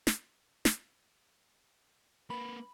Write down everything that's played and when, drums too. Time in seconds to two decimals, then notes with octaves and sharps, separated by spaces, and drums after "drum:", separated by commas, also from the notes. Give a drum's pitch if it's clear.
0.07 drum: snare
0.65 drum: snare
2.30 A#3 B4 B5